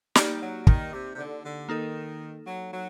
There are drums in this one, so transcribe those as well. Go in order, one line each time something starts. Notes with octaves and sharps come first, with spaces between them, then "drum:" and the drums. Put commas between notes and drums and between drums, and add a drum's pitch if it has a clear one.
G3 A#3 D#4 G4 D5, drum: snare
F#3
D#3, drum: kick
C3
C3
D3
D3
D#3 A#3 D#4 A4
F#3
F#3